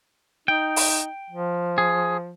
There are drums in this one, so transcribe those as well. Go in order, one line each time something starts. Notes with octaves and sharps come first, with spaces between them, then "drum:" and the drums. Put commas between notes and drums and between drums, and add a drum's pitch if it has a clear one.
D#4 G5
drum: open hi-hat
F3
G#4